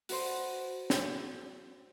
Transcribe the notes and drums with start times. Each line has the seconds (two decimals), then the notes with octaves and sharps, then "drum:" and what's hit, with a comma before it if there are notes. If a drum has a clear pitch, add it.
0.09 F#4 B4 C5, drum: open hi-hat
0.90 drum: snare